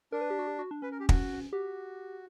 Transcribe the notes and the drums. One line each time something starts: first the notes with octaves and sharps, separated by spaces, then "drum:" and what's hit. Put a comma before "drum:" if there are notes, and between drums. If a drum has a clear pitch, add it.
D4 A#4
B4
G4
F#4
G4
F#4
D4
C#4 B4
A#4
G4
F#4, drum: kick
F#4 G4